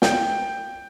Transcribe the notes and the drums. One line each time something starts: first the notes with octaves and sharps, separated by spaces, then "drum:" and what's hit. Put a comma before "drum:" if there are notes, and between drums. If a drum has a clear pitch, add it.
G5 G6, drum: snare